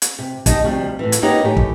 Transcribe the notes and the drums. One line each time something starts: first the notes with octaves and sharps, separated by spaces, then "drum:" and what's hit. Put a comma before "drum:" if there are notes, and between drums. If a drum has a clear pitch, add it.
drum: hi-hat
C3
D#4 G4 D#5 A5, drum: kick, hi-hat
D2 C3 F3 G3
A2 E3
drum: hi-hat
A#3 B3 D#4 G4 C#5 F#5
A2 E3 G4
drum: kick